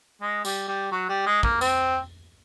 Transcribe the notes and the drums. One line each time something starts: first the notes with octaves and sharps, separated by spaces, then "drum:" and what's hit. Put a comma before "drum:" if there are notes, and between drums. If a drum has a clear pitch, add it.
G#3
G3, drum: tambourine
G3
F#3
G3
G#3
A#3, drum: kick
C4, drum: tambourine